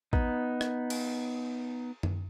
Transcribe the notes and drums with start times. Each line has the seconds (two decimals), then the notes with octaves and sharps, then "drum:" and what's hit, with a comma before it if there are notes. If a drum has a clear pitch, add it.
0.13 B3 D#4, drum: kick A#1
0.61 drum: rim click
0.90 drum: cymbal
2.03 drum: tom F#2